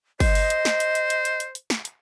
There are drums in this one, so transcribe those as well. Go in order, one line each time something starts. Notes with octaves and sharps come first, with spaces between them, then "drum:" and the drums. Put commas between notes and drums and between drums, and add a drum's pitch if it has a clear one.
C5 D#5, drum: kick G1, open hi-hat
drum: open hi-hat
drum: hi-hat
drum: snare
drum: hi-hat
drum: hi-hat
drum: hi-hat
drum: hi-hat
drum: hi-hat
drum: hi-hat
drum: snare
drum: hi-hat